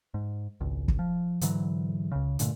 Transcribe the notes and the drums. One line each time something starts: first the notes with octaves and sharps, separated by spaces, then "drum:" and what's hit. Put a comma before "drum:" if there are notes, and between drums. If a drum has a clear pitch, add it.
G#2
G#1 C#2
drum: kick
F3
G#2 D3 E3 F#3, drum: hi-hat
C#2 C#3
G2 A#2 D3 A3, drum: hi-hat